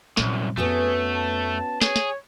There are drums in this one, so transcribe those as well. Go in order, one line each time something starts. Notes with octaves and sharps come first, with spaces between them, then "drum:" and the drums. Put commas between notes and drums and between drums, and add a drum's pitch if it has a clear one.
C2 F#2 A#2 G3, drum: snare
F2 A3 B3 C#4 F#4 G#4
A5
G#4 C#5, drum: snare
drum: snare